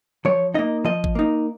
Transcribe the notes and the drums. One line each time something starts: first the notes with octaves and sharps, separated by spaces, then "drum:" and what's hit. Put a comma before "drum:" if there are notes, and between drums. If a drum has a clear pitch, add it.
F3 C#5, drum: tom E3
A#3 D#4 D#5
F3 D#5
drum: kick
A#3 D#4